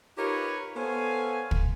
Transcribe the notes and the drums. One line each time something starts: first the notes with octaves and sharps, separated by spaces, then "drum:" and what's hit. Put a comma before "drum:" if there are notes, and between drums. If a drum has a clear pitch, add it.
D#4 F4 G4 A#4 B4 C#5
B3 A4 C5 C#5 F5 G#5
drum: kick